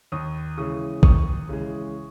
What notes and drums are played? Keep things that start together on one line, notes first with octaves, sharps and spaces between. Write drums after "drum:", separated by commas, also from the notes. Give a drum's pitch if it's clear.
D#2 C#6 D#6
C#3 E3 G#3 C#6 D#6
D#2 C#6 D#6, drum: kick
C#3 E3 G#3